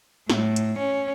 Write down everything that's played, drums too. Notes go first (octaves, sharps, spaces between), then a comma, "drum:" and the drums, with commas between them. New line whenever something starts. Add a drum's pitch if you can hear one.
A2, drum: snare
drum: hi-hat
C#4